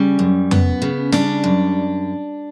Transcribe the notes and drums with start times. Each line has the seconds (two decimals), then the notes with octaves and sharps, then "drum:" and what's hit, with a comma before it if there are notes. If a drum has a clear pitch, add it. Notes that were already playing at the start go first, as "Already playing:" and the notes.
Already playing: C#3 G3 C#4
0.19 F#2
0.51 B3, drum: tom F2
0.82 C#3
1.12 G3 D4, drum: snare
1.44 F#2